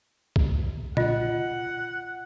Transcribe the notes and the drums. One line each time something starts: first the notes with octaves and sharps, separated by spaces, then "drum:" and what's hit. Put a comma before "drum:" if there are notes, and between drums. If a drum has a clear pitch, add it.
drum: kick B1
F4 D#5 F#5, drum: tom A#2